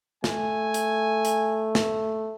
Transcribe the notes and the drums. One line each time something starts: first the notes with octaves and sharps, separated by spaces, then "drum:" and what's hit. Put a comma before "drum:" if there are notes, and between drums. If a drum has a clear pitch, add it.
A3 G#5, drum: snare
drum: hi-hat
drum: hi-hat
drum: snare